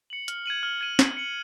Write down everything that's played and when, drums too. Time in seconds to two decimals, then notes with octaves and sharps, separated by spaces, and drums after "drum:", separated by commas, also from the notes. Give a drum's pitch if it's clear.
0.10 C#7 F#7
0.28 F6, drum: hi-hat
0.46 G#6 D#7 F#7
0.63 F6
0.81 G#6 D#7 F#7
0.99 G#6, drum: snare
1.17 C#7 F#7